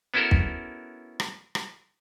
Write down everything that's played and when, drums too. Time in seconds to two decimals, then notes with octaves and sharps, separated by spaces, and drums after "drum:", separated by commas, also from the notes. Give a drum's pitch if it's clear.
0.14 B3 C#4 E4 F#4 A4 A#4
0.31 drum: kick
1.20 drum: rim click
1.55 drum: rim click